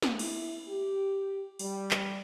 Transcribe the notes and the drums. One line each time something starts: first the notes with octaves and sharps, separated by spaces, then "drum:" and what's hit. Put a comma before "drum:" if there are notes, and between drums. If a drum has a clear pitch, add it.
drum: snare
E4, drum: cymbal
G4
G3, drum: open hi-hat
drum: clap